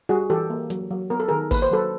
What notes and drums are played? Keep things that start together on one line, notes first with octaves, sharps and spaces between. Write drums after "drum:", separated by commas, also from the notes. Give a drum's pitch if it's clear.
G3 F#4 G#4
E3 G4 A4
A#3
F#3, drum: hi-hat
F#3
B3 A#4
A4
D#3 G#4 A#4
A#3 B4, drum: kick, open hi-hat
C5
F#3 A4 B4